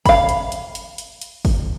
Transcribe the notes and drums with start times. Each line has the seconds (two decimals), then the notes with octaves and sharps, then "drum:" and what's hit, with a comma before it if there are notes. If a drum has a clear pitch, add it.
0.06 F5 B5, drum: kick G1, open hi-hat
0.29 drum: hi-hat
0.52 drum: hi-hat
0.75 drum: hi-hat
0.98 drum: hi-hat
1.21 drum: hi-hat
1.45 drum: kick G1, open hi-hat